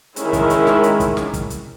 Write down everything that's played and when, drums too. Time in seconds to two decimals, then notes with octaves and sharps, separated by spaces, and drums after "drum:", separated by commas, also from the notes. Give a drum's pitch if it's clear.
0.16 D#3 G#3 C#4 E4, drum: hi-hat
0.33 drum: kick, hi-hat
0.50 drum: hi-hat
0.67 drum: snare
0.83 drum: hi-hat
1.00 drum: kick, hi-hat
1.17 drum: snare
1.34 drum: kick, hi-hat
1.50 drum: hi-hat